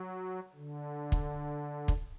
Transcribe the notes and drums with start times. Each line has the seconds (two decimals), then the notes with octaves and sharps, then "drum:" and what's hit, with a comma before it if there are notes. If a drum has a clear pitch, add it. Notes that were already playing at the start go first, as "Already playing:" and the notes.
Already playing: F#3
0.55 D3
1.12 drum: kick
1.88 drum: kick